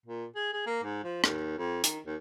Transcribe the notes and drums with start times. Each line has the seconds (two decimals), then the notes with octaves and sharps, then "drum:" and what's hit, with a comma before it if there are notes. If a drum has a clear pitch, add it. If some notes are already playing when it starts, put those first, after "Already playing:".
0.06 A#2
0.35 G#4
0.53 G#4
0.66 A#3
0.83 G#2
1.04 F3
1.24 D#2, drum: rim click
1.58 F2
1.84 D#3, drum: hi-hat
2.06 D#2